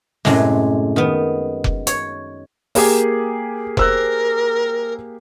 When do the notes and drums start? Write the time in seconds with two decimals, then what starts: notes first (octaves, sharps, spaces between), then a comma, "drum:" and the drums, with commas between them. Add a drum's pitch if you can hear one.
0.25 F#2 A2 C3 G#3, drum: snare
0.96 D#3 B3
1.64 drum: kick F1
1.87 C#5, drum: hi-hat
2.75 A#3 G4 G#4 A#4, drum: open hi-hat
3.77 A#4 C5 E6 F#6, drum: kick F1